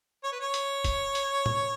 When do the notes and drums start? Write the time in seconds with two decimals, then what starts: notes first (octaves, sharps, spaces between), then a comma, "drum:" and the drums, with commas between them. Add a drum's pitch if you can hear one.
0.24 C#5
0.32 B4
0.40 C#5
0.54 drum: hi-hat
0.84 drum: kick, hi-hat
1.15 drum: hi-hat
1.46 drum: tom A2